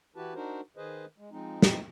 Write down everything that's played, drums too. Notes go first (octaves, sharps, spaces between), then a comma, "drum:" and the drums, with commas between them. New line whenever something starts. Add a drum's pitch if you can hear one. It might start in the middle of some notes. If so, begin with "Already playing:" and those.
E3 E4 F#4 G4 B4 A5
D4 D#4 F#4 A#4 C5
D#3 G#4 B4 C5 D#5
G#3
F3 G#3 C4 D#4
drum: snare